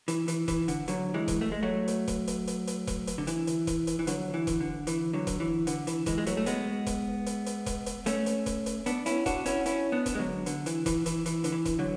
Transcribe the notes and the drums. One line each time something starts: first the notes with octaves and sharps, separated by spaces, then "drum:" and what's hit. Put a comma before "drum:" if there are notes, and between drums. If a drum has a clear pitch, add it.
E3, drum: hi-hat
E3, drum: hi-hat
E3, drum: kick E1, hi-hat
D3, drum: hi-hat
D3 F#3, drum: hi-hat
E3 G#3
drum: kick E1, hi-hat
A3
G#3
F#3 A3
drum: hi-hat
drum: kick E1, hi-hat
drum: hi-hat
drum: hi-hat
drum: hi-hat
drum: kick E1, hi-hat
drum: hi-hat
D3
E3, drum: hi-hat
drum: hi-hat
drum: kick E1, hi-hat
drum: hi-hat
E3
D3 F#3, drum: hi-hat
E3
drum: kick E1, hi-hat
D3
E3, drum: hi-hat
D3 F#3
drum: kick E1, hi-hat
E3
D3, drum: hi-hat
E3, drum: hi-hat
E3 G#3, drum: kick E1, hi-hat
G#3
F#3 A3, drum: hi-hat
A3
G#3 B3, drum: hi-hat
drum: kick E1, hi-hat
drum: hi-hat
drum: hi-hat
drum: kick E1, hi-hat
drum: hi-hat
A3 C#4, drum: hi-hat
drum: hi-hat
drum: kick E1, hi-hat
drum: hi-hat
B3 D4, drum: hi-hat
C#4 E4, drum: hi-hat
D4 F#4, drum: kick E1, hi-hat
C#4 E4, drum: hi-hat
C#4 E4, drum: hi-hat
B3 D4
drum: kick E1, hi-hat
G#3
D3 F#3
D3, drum: hi-hat
E3, drum: hi-hat
E3, drum: kick E1, hi-hat
E3, drum: hi-hat
E3, drum: hi-hat
D3, drum: hi-hat
E3
drum: kick E1, hi-hat
D3 F#3